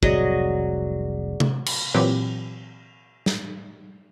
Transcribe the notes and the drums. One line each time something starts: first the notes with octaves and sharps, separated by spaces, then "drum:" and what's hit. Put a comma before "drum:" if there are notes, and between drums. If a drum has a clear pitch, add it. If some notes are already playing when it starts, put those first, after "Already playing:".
F1 C2 F#3 G#4 D5 D#5, drum: kick
drum: tom C3
drum: cymbal
A#2 E3 F#3 C4 G4
drum: snare